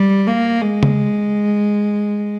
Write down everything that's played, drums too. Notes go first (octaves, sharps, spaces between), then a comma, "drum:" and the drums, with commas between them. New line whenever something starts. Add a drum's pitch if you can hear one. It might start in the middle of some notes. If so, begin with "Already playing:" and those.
Already playing: G3
A#3
G#3
drum: tom C#3